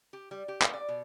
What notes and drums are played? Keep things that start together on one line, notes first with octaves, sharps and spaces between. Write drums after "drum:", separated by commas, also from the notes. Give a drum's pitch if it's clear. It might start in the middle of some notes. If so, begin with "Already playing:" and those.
G4
G3
G4
B4, drum: clap
D5
B2